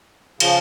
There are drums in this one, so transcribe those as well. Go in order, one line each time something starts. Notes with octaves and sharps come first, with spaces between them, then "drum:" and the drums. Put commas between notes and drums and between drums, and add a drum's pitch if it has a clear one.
C#3 F3, drum: cymbal